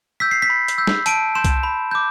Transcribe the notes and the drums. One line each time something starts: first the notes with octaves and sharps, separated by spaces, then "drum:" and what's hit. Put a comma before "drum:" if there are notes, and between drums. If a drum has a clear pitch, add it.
E6 G6 B6
C7
B6
B5
drum: hi-hat
E6 G6
drum: snare
A5 D7, drum: hi-hat
C6 G6 E7
drum: kick C2, hi-hat
B5
D6 G6